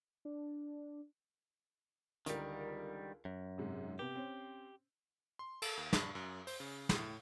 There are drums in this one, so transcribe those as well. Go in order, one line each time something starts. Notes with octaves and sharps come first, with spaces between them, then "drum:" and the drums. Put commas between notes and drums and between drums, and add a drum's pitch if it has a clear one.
D4
C#2 D3 D#3 G3 A#4, drum: hi-hat
F#2
G#2 C3
C3 B3 G4
C4 C#4
C6
A4, drum: cymbal
D#2
G2, drum: snare
F#2
C5, drum: open hi-hat
C#3
A2, drum: snare